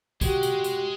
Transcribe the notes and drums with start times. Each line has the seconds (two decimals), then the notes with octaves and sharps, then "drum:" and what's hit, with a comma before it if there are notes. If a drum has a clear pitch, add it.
0.21 G#3 F#4 G4, drum: kick, tambourine
0.43 drum: tambourine
0.64 drum: tambourine